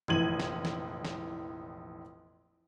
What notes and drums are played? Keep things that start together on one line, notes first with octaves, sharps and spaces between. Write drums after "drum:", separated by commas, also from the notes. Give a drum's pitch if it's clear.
F1 A#1 E3 G#6 D#7 F#7, drum: tom F#2
drum: snare
drum: snare
drum: snare